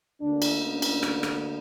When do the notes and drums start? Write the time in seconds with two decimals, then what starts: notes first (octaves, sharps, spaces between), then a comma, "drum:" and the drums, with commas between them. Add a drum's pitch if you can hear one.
0.21 D2 D3 A#3 D4
0.42 drum: cymbal
0.62 C#4
0.82 drum: cymbal
1.03 drum: rim click
1.23 drum: rim click